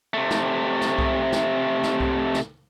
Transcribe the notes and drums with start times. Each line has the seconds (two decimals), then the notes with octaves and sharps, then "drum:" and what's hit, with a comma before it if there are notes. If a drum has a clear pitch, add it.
0.14 C3 A3
0.31 drum: snare
0.81 drum: snare
0.98 drum: kick C2
1.32 drum: snare
1.83 drum: snare
2.00 drum: kick C2
2.34 drum: snare